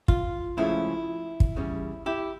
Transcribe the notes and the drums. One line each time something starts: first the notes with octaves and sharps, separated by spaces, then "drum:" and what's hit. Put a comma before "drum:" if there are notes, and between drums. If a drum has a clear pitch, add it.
F4, drum: kick
C#2 C#3 F3 A3 C#4 E4
drum: kick
E2 C#3 G3 C#4
E4 G4